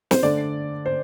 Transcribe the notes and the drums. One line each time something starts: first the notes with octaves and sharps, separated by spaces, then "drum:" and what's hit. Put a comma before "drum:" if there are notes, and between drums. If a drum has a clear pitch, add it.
C5, drum: snare
D3 A3 D4 D5
C5